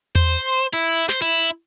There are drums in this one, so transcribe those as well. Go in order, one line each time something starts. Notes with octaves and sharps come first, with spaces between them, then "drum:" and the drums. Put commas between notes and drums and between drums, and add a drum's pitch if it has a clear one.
C5, drum: tom E2
E4
C5, drum: snare
E4